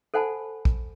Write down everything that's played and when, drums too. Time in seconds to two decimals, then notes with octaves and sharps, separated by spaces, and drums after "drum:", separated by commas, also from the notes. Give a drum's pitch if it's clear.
0.14 A4 C5 F#5 G#5 A5 B5
0.65 drum: kick